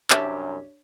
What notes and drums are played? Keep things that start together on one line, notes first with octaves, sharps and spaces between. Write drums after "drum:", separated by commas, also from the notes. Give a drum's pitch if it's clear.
C2 F#2 D4 G4 C#5 E5 A5, drum: clap